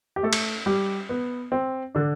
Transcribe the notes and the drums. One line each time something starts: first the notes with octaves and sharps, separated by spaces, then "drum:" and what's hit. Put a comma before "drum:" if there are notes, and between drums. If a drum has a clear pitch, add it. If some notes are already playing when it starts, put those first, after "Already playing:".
G4
A3 A4
drum: cymbal
G3 G4
B3
C4
D3 D4